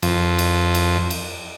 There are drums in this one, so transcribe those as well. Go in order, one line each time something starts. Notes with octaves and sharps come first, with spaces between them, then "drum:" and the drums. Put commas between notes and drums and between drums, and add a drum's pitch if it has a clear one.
F2, drum: cymbal
drum: cymbal
drum: cymbal
drum: cymbal